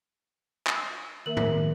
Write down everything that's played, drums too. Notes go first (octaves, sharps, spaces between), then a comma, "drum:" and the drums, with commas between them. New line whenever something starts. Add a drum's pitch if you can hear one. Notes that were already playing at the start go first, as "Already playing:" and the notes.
drum: clap
D#3 A#3 A#4 E5 F#7
drum: tom